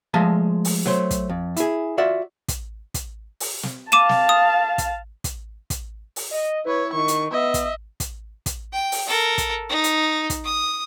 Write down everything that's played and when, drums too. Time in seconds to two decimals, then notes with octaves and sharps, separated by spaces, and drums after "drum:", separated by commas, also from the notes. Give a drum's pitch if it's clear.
0.14 F3 G#3 A3 A5 A#5
0.65 drum: open hi-hat
0.86 F#3 A3 C5, drum: snare
1.11 drum: kick, hi-hat
1.30 F2
1.56 E4 G#4, drum: hi-hat
1.98 F4 F#4 D5 E5 F#5
2.48 drum: kick, hi-hat
2.94 drum: kick, hi-hat
3.40 drum: open hi-hat
3.63 drum: snare
3.92 F5 A5 D6 D#7 E7
4.09 drum: snare
4.29 D#6
4.78 drum: kick, hi-hat
5.24 drum: kick, hi-hat
5.70 drum: kick, hi-hat
6.16 drum: open hi-hat
6.32 D#5
6.65 E4 B4 C#5
6.94 D#3 C#6
7.08 drum: hi-hat
7.32 B3 D#5 E5
7.54 drum: kick, hi-hat
8.00 drum: kick, hi-hat
8.46 drum: kick, hi-hat
8.73 G5
8.92 drum: open hi-hat
9.08 A4 A#4
9.38 drum: kick, hi-hat
9.69 D#4
9.84 drum: hi-hat
10.30 drum: kick, hi-hat
10.45 D#6